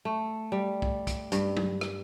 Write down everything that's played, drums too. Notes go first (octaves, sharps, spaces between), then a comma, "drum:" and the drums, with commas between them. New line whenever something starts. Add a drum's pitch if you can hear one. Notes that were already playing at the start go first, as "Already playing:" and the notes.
A3
G3
drum: kick
drum: kick, hi-hat
G2, drum: hi-hat
drum: tom F#3
drum: rim click